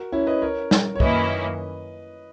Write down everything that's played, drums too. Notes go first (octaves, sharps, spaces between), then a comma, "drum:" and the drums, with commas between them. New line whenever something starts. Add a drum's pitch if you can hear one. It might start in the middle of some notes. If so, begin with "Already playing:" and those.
Already playing: F#4 A#4
C#4 E4
B4 D#5
A#4 C#5
drum: snare
C#5
F#2 D#3 A#3 C#4 E4 B4 D#5, drum: kick